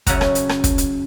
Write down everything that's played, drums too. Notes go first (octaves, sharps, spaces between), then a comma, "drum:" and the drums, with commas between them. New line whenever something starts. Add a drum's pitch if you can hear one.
F#2 C#3 E5 F#5 A#5, drum: kick, hi-hat
drum: rim click
drum: hi-hat
drum: rim click
drum: kick, hi-hat
drum: hi-hat